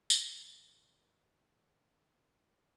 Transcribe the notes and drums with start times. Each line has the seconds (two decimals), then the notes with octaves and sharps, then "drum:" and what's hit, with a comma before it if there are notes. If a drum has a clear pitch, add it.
0.10 G#2 D#3, drum: tambourine